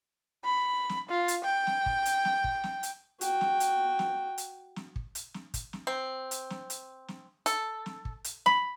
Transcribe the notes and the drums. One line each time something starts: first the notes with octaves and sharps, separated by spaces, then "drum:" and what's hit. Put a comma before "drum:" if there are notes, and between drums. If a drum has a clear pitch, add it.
B5
drum: snare
F4
drum: hi-hat
G5
drum: snare
drum: kick
drum: hi-hat
drum: snare
drum: kick
drum: snare
drum: hi-hat
F#4 G5, drum: hi-hat
drum: snare
drum: hi-hat
drum: snare
drum: hi-hat
drum: snare
drum: kick
drum: hi-hat
drum: snare
drum: kick, hi-hat
drum: snare
C4
drum: hi-hat
drum: snare
drum: hi-hat
drum: snare
A4, drum: hi-hat
drum: snare
drum: kick
drum: hi-hat
B5, drum: snare